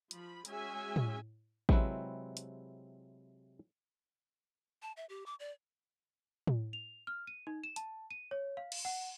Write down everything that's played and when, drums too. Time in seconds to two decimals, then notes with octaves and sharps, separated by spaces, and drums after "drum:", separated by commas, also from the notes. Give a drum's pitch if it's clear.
0.11 F3 B5, drum: hi-hat
0.45 G#3 C#4 F#4 G#4 E5 G#5, drum: hi-hat
0.96 drum: tom A2
1.69 C3 F#3 G#3 C4 E4 B4, drum: kick A1
2.37 drum: hi-hat
4.82 A5
4.97 E5
5.09 G4
5.26 D6
5.40 D5
6.47 drum: tom A2
6.73 F7
7.07 F6
7.27 D#7
7.47 D#4
7.64 E7
7.76 A5, drum: hi-hat
8.11 D#7
8.31 C#5
8.57 F5
8.72 drum: cymbal
8.85 F#5